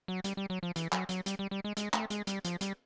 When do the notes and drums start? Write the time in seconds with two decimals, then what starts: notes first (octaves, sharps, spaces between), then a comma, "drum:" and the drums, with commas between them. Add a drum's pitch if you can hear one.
0.08 F#3
0.24 G3, drum: hi-hat
0.37 G3
0.50 F#3
0.63 F3
0.76 E3, drum: hi-hat
0.92 F#3, drum: clap
1.09 F#3, drum: hi-hat
1.26 G3, drum: hi-hat
1.39 G3
1.51 G3
1.64 G#3
1.77 G#3, drum: hi-hat
1.94 A3, drum: clap
2.10 G#3, drum: hi-hat
2.27 G3, drum: hi-hat
2.45 F3, drum: hi-hat
2.61 G3, drum: hi-hat